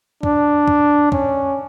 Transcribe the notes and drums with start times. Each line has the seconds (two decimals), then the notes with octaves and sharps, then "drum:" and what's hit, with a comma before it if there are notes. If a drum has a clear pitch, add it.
0.23 D4, drum: kick
0.68 drum: kick
1.12 C#4, drum: kick